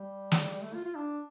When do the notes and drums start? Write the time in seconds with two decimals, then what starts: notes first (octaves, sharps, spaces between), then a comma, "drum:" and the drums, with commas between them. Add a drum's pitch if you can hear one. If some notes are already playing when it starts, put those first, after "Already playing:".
Already playing: G3
0.32 drum: snare
0.51 G3
0.62 A3
0.74 F4
0.85 F4
0.95 D4